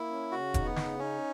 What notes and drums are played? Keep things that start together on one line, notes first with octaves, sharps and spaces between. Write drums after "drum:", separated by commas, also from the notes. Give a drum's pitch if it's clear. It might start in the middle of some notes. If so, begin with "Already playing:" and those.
Already playing: A#3 E4
C#4
C#3 F#4
D#4, drum: kick E1, hi-hat
B3
C#3, drum: snare
C#4 D#4